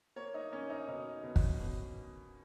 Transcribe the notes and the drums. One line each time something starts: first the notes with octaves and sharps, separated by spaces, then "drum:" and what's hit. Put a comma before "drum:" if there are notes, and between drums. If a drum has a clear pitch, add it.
A#3 C#5
D#4
A#3 C#4
D#4
B2 D#4
B2
drum: kick
B2